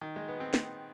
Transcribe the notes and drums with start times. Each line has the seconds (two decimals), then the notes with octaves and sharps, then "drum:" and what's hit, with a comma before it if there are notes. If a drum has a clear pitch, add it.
0.01 D#3
0.16 G#3
0.28 B3
0.40 C4
0.54 drum: snare